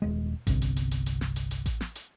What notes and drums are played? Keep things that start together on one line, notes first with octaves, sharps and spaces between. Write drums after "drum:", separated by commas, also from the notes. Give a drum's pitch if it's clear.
D#1 G#3
G1 C2, drum: kick A1, hi-hat
drum: hi-hat
drum: hi-hat
drum: hi-hat
drum: hi-hat
drum: snare
drum: hi-hat
drum: hi-hat
drum: kick A1, hi-hat
drum: snare
drum: hi-hat